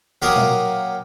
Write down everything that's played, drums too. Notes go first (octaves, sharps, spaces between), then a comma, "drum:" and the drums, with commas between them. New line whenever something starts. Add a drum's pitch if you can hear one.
F#3 A#3 G4 A#4 A#5 D#6
drum: tom A#2